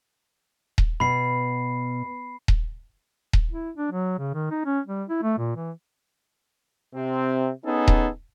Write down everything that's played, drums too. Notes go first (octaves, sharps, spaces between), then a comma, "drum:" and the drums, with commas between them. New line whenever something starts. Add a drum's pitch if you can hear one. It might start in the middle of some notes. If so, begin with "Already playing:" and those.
drum: kick D#1
B2 B5 C7
drum: kick D#1
drum: kick D#1
E4
D4
F#3
C#3
D#3
D#4
C#4
G3
E4
A3
A#2
E3
C3 C4
B3 C#4 D#4 G#4 A4
drum: kick D#1